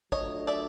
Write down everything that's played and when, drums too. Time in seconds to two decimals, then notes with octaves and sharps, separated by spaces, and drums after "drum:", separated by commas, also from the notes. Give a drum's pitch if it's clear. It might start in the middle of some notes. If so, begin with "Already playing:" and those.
0.12 F#3 A3 D4 F4 C#5 D#5, drum: kick
0.47 D5 E5